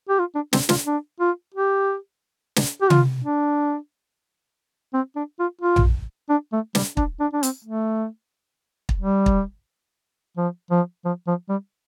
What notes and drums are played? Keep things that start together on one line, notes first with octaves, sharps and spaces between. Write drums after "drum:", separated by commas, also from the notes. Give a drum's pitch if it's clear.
G4
F4
D4
C4, drum: snare
F4, drum: snare
D4
F4
G4
drum: snare
G4
F4, drum: tom C3
D4
C4
D4
F4
F4
drum: tom A#1
D4
A3
G3, drum: snare
D4, drum: kick
D4
D4
C4, drum: hi-hat
A3
drum: kick
G3
drum: kick
F3
F3
F3
F3
G3